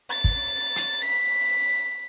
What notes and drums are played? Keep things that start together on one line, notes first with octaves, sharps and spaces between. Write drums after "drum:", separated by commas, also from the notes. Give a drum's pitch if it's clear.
A6
drum: kick
drum: hi-hat
B6